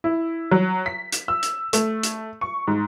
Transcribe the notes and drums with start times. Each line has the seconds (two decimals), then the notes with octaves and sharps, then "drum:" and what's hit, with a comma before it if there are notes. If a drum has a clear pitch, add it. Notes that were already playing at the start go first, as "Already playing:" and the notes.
0.04 E4
0.51 F#3
0.86 B6
1.12 drum: hi-hat
1.28 E6
1.43 drum: hi-hat
1.73 A3, drum: hi-hat
2.03 drum: hi-hat
2.41 C#6
2.67 G#2